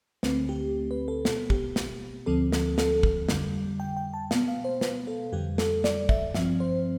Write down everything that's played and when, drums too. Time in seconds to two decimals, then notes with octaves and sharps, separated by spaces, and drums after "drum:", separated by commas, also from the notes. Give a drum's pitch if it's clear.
0.23 D2 D3 A3 C4 B4, drum: snare
0.49 G4
0.91 B4
1.08 A4
1.25 B2 B3 A4, drum: snare
1.50 G4, drum: kick
1.76 drum: snare
2.26 D2 D3 F3 C4 A4
2.52 A4, drum: snare
2.78 A4, drum: snare
3.03 drum: kick
3.29 F2 D3 G3, drum: snare
3.80 G5
3.97 G5
4.14 A5
4.31 B2 B3 F5, drum: snare
4.48 F5
4.64 C5
4.81 B4, drum: snare
5.07 A4
5.33 F2 D3 G3 G4
5.58 A4, drum: snare
5.84 D5, drum: snare
6.09 E5, drum: kick
6.34 G2 F3 C4 E5, drum: snare
6.60 C5